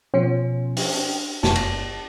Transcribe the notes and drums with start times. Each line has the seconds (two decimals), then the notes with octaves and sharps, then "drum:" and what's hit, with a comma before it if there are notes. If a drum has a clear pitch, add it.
0.14 B2 F3 C#4
0.77 D4, drum: open hi-hat
1.43 F#1 A5, drum: snare
1.55 drum: cymbal